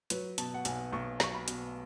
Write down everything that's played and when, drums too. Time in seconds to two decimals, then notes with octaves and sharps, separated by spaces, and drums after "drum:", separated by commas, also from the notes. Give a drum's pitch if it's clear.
0.10 F#3 B4, drum: hi-hat
0.38 B2 A5, drum: hi-hat
0.54 F#5
0.65 B1 G#5, drum: hi-hat
0.92 B1 C#6
1.20 F#3 C#6, drum: snare
1.34 B5
1.48 B2, drum: hi-hat